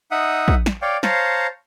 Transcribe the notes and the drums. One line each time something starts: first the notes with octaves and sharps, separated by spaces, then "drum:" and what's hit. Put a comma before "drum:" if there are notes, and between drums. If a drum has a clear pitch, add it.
D#4 E5 F#5 D#6
drum: kick
drum: snare
C#5 D5 F5 G5
C5 C#5 F5 A5 A#5, drum: snare